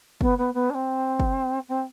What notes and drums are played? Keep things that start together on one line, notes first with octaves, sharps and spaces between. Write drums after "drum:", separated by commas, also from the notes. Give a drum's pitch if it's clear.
B3, drum: kick
B3
B3
D4
C4
drum: kick
C4